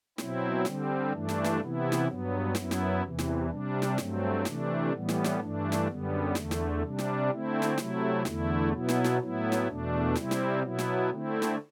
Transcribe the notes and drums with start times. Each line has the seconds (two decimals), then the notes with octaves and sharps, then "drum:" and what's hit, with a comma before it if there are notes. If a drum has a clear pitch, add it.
0.18 B2 F#3 C4 E4, drum: snare
0.65 D3 G3 C4, drum: snare
1.13 G2 E3 A3 D4
1.29 drum: snare
1.44 drum: snare
1.60 C3 E3 B3 E4
1.92 drum: snare
2.08 G2 F#3 B3
2.55 F#2 F#3 B3 E4, drum: snare
2.71 drum: snare
3.03 E2 C3 E3
3.19 drum: snare
3.50 C3 G3 D4
3.82 drum: snare
3.98 G2 F#3 A3 C4, drum: snare
4.45 C3 E3 A3 D4, drum: snare
4.93 A2 E3 G3 B3
5.09 drum: snare
5.24 drum: snare
5.40 G2 E3 A3 D4
5.72 drum: snare
5.88 F#2 D3 G3 B3
6.35 E2 D3 A3, drum: snare
6.51 drum: snare
6.83 C3 G3 D4
6.99 drum: snare
7.30 D3 A3 C4 E4
7.62 drum: snare
7.78 C3 F#3 A3 E4, drum: snare
8.25 E2 D3 A3 E4, drum: snare
8.72 B2 F#3 B3 E4
8.89 drum: snare
9.04 drum: snare
9.20 A2 F#3 B3 E4
9.52 drum: snare
9.68 E2 B2 A3 D4
10.15 C3 G3 C4 E4, drum: snare
10.31 drum: snare
10.63 B2 F#3 B3 E4
10.79 drum: snare
11.10 D3 A3 C4 E4
11.42 drum: snare